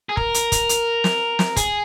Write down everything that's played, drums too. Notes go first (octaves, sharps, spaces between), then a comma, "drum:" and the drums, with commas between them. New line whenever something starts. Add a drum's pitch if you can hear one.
G#4
A#4, drum: kick
drum: hi-hat
drum: kick, hi-hat
drum: hi-hat
drum: snare
drum: snare
G#4, drum: kick, hi-hat